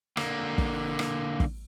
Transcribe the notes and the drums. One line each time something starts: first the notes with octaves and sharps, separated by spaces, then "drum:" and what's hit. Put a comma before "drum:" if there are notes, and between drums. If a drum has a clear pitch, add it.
D3 A#3, drum: rim click
drum: kick
drum: rim click
drum: kick